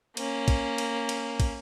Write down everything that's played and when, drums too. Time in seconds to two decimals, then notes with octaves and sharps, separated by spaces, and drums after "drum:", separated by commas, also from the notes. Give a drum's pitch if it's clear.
0.17 A#3 C#4, drum: cymbal
0.48 drum: kick, cymbal
0.78 drum: cymbal
1.09 drum: cymbal
1.40 drum: kick, cymbal